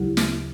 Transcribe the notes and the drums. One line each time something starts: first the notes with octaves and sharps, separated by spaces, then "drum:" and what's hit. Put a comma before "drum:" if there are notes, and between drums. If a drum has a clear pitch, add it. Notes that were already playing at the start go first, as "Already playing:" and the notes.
Already playing: D2 C#3 F#3 E4 G4
drum: snare